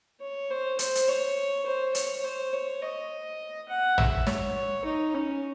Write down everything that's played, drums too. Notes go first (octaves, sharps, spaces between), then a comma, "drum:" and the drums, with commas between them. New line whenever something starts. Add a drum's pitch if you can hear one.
C#5
C5
C5, drum: hi-hat
drum: hi-hat
C#5
C5
C#5, drum: hi-hat
C5
C#5
D#5
F#5
E5, drum: tom
C#5, drum: snare
D#4
C#4